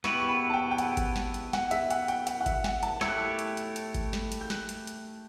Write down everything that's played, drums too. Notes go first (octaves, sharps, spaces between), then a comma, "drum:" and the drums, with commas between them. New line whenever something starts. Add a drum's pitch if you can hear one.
B3 E4 G4 B4 C#6, drum: snare
C#6
B5
A5
G5
G5
F#5, drum: hi-hat
drum: kick G#1, hi-hat
drum: snare
drum: hi-hat
F#5, drum: snare
E5, drum: hi-hat
F#5, drum: hi-hat
G5, drum: hi-hat
F#5, drum: hi-hat
F#5
E5, drum: kick G#1, hi-hat
F#5, drum: snare
A5, drum: hi-hat
A3 E4 G4 C#5 E6, drum: snare
F#6
E6
drum: hi-hat
drum: hi-hat
drum: hi-hat
drum: kick G#1, hi-hat
drum: snare
drum: hi-hat
G6
F#6, drum: snare
drum: hi-hat
drum: hi-hat